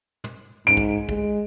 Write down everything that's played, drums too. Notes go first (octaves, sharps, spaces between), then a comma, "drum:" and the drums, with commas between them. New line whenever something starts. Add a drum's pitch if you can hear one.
drum: tom
G#2 D7
drum: kick
G#3, drum: kick